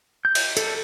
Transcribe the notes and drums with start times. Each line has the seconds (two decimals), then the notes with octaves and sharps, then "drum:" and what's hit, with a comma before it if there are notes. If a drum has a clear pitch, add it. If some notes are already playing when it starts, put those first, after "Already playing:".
0.25 G6
0.35 drum: cymbal
0.57 A4, drum: hi-hat